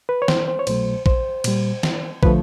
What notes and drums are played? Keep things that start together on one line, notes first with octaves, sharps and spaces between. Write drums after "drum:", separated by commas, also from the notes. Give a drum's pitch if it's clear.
B4
C#5
C5, drum: snare
C5
C#5
C2 B2 F#3 A3 C5, drum: cymbal
C5, drum: kick
A#2 G3, drum: cymbal
drum: snare
D3 F3 A3 B4, drum: kick